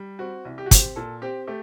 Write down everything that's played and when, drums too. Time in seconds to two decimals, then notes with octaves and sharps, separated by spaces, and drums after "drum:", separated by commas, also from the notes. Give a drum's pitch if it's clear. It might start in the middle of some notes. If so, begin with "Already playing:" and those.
Already playing: G3
0.19 C4 F#4
0.45 C2
0.58 G4
0.66 F#4
0.71 C4 G4, drum: kick, hi-hat
0.96 A#2 A4
1.22 C4 G4
1.47 A3 G4